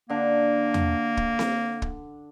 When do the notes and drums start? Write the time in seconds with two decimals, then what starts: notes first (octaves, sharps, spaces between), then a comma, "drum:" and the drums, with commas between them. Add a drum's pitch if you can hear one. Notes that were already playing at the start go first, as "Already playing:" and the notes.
0.10 D3 A#3 D4
0.74 drum: tom E2
1.17 drum: kick
1.39 drum: snare C4
1.82 drum: kick